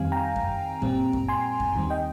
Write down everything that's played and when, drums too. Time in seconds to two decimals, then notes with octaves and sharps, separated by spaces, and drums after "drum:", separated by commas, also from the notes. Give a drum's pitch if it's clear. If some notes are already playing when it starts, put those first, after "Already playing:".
Already playing: F2 D#3 G3 C4 F5 G#5
0.12 G5 A#5
0.36 drum: kick F#2
0.82 A#2 G3 C4, drum: kick F#2
1.13 drum: kick F#2
1.28 G#5 C6
1.60 drum: kick F#2
1.76 D#2 D#3 G3 C4
1.90 D#5 G5